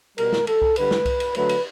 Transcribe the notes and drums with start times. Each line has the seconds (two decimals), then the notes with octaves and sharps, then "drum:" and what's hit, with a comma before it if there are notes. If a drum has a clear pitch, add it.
0.18 B2 G3 A#4, drum: cymbal
0.33 drum: snare
0.47 A4, drum: cymbal
0.62 drum: kick C2
0.76 D3 G3 B4, drum: cymbal
0.91 drum: snare
1.06 drum: kick C2, cymbal
1.20 drum: cymbal
1.35 D3 F#3 A3 B4, drum: cymbal
1.49 drum: cymbal